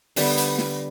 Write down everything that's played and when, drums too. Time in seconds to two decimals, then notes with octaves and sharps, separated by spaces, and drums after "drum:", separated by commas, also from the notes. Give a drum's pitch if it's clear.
0.16 D3 G3 B3 G5, drum: open hi-hat
0.38 drum: hi-hat
0.58 drum: snare